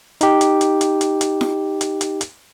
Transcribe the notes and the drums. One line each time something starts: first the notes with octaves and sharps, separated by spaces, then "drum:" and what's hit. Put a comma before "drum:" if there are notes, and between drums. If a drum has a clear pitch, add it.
D#4 G4, drum: hi-hat
drum: hi-hat
drum: hi-hat
drum: hi-hat
drum: hi-hat
drum: hi-hat
drum: snare
drum: hi-hat
drum: hi-hat
drum: hi-hat